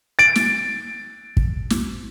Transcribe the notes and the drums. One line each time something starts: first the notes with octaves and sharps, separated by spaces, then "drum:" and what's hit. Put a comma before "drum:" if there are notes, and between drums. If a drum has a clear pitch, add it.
A6 D7
drum: snare
drum: kick
drum: snare